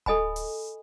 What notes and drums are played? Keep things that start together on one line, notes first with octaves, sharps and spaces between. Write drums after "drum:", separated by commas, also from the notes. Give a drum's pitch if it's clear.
A4 D#5 G#5 B5, drum: kick D1
drum: open hi-hat